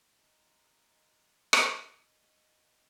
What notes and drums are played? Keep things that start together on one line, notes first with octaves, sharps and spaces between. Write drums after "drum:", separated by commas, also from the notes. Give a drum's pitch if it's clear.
G#3 D#4
drum: rim click
C#4 D#5